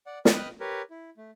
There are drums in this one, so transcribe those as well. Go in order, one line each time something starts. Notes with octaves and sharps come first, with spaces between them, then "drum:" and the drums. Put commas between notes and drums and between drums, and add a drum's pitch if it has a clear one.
D5 F#5
B4 D#5 G5 D#6 F6 F#6, drum: snare
G4 A#4 B4 C#5
E4
A3